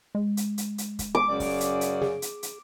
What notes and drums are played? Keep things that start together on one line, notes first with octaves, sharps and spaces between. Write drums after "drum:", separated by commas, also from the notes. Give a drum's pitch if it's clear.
G#3
drum: hi-hat
drum: hi-hat
drum: hi-hat
drum: kick, hi-hat
D6
F#2 C#3 D5
drum: kick, open hi-hat
drum: hi-hat
drum: hi-hat
G#4, drum: snare
drum: hi-hat
drum: hi-hat